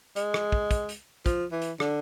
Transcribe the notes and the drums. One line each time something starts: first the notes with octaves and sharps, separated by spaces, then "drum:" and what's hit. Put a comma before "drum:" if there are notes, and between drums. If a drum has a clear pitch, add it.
G#3, drum: hi-hat
drum: rim click
drum: kick
drum: kick, hi-hat
drum: hi-hat
F3, drum: kick, hi-hat
E3
drum: hi-hat
D3, drum: rim click